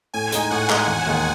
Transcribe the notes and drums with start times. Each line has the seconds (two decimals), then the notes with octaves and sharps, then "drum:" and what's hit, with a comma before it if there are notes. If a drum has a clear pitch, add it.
0.14 A2 G#5
0.32 G#3 D#4, drum: hi-hat
0.50 A2 F#5
0.69 G#3 D#4, drum: clap
0.87 E1
1.06 D#2 D#3 G#3